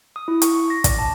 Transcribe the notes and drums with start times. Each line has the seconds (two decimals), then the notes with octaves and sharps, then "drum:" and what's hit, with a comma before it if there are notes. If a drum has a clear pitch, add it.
0.16 D#6
0.28 E4
0.42 C#6, drum: hi-hat
0.55 C#6
0.70 A#6
0.84 D5, drum: kick, hi-hat
0.99 A5